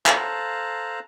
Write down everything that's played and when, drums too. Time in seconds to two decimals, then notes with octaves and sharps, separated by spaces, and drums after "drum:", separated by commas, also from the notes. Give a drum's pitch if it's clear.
0.06 A4 C5 F5 A5 A#5 F#6, drum: clap